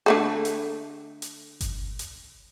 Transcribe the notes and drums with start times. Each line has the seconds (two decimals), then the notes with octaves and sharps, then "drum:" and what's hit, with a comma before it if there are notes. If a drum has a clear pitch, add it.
0.06 D3 A3 A4
0.45 drum: hi-hat
1.22 drum: hi-hat
1.61 drum: kick G1, hi-hat
1.99 drum: hi-hat